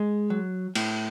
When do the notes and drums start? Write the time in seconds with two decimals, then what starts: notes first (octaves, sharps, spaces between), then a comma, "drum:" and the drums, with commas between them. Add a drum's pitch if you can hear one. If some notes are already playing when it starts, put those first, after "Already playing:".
Already playing: G#3
0.30 F#3
0.75 A2, drum: cymbal